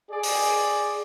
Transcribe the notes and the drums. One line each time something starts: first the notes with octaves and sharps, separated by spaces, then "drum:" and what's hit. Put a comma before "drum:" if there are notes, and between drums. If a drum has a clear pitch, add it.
G#4 D5
drum: open hi-hat